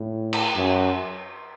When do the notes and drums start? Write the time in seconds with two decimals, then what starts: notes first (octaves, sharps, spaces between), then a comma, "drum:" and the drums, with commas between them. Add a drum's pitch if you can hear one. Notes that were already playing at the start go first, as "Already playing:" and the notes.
Already playing: A2
0.33 drum: cymbal
0.56 F#2